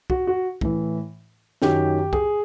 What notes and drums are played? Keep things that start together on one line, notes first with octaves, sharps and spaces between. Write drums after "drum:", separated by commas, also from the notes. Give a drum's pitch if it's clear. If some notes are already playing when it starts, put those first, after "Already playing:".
F#4, drum: kick
F#4
A2 E3, drum: kick
F#2 D#3 F#3 G4, drum: snare
G#4, drum: kick